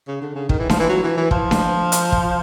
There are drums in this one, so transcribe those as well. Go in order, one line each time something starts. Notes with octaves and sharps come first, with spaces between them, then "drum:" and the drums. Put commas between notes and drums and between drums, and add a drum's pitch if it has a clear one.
C#3
D3
C#3
D#3, drum: kick
E3
F3, drum: snare D4
E3
F#3
E3
E3
F3, drum: kick
drum: snare D4
drum: hi-hat
drum: kick